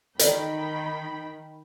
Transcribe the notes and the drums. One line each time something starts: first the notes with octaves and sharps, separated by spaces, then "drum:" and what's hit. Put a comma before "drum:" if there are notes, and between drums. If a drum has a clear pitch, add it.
D#3 A4 D5 G5 B5, drum: hi-hat